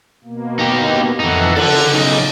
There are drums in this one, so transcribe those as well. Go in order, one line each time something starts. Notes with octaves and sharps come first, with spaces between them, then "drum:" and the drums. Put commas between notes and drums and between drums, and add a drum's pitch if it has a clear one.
B2 A#3
D#4 G4
F2 E3 D#4 A4 F#5
C#3 A4 F#5, drum: cymbal
B1 D#4